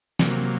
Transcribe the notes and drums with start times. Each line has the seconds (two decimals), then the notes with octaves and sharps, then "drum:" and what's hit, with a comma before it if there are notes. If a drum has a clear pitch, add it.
0.19 C3 F#3 A#3, drum: snare